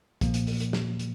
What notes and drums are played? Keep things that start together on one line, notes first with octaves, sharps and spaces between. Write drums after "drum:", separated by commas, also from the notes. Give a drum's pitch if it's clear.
A#2 F3 A#3, drum: kick, hi-hat
drum: hi-hat
drum: open hi-hat
drum: hi-hat
drum: snare
drum: hi-hat